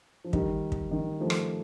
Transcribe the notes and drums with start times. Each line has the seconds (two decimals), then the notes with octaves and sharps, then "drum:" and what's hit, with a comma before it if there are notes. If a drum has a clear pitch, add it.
0.24 F3
0.33 D#3 G3, drum: kick
0.72 drum: kick
0.91 D#3
1.20 F3 A3
1.30 drum: rim click